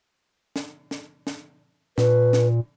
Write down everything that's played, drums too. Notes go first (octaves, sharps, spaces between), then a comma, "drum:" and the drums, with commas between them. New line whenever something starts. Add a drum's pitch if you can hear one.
drum: snare
drum: snare
drum: snare
A#2 B4, drum: snare
drum: snare